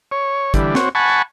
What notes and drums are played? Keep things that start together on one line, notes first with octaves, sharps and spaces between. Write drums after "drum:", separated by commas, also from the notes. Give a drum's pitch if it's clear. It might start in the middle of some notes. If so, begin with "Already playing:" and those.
C#5
D3 E3 G3, drum: kick, hi-hat
C4 F#4 C#5, drum: snare
F#5 G#5 A5 B5 C#6